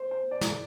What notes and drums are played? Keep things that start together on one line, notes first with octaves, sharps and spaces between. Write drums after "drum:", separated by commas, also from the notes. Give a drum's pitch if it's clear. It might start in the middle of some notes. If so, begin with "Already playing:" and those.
Already playing: C5
C5
D5
drum: snare